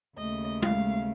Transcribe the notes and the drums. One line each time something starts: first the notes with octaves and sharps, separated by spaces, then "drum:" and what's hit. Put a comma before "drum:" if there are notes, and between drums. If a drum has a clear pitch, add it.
D#2 C#3 A3 D#5
F5, drum: tom G#3